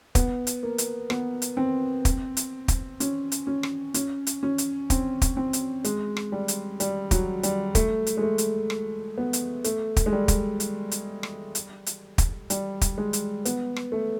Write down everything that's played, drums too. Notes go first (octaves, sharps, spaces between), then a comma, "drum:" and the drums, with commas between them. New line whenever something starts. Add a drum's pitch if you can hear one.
B3, drum: kick, hi-hat
drum: hi-hat
A#3
drum: hi-hat
B3, drum: rim click
drum: hi-hat
C4
drum: kick, hi-hat
drum: hi-hat
drum: kick, hi-hat
C#4, drum: hi-hat
drum: hi-hat
C#4
drum: rim click
C#4, drum: hi-hat
drum: hi-hat
C#4
drum: hi-hat
C4, drum: kick, hi-hat
drum: kick, hi-hat
C4
drum: hi-hat
G#3, drum: hi-hat
drum: rim click
G3
drum: hi-hat
G3, drum: hi-hat
F#3, drum: kick, hi-hat
G3, drum: hi-hat
A3, drum: kick, hi-hat
drum: hi-hat
G#3
A3
drum: hi-hat
drum: rim click
B3
drum: hi-hat
A3, drum: hi-hat
drum: kick, hi-hat
G#3
G3
drum: kick, hi-hat
drum: hi-hat
drum: hi-hat
drum: rim click
drum: hi-hat
drum: hi-hat
drum: kick, hi-hat
G3, drum: hi-hat
drum: kick, hi-hat
G#3
drum: hi-hat
B3, drum: hi-hat
drum: rim click
A3